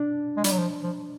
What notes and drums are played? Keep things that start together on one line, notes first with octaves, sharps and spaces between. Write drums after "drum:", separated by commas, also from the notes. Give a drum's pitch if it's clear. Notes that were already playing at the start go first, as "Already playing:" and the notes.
Already playing: D4
G#3
G3, drum: hi-hat
F#3
F3
F3